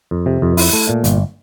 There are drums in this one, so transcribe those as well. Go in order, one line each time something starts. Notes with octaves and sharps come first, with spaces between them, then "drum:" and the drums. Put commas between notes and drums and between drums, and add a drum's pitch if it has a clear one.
F2
C3
F2
E4, drum: open hi-hat
A3
A#2
G1, drum: hi-hat